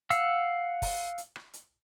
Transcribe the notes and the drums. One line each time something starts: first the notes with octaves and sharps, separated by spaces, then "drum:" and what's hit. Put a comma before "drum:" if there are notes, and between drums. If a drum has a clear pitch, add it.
F5 F#5 E6, drum: hi-hat
drum: kick, open hi-hat
drum: hi-hat
drum: rim click
drum: hi-hat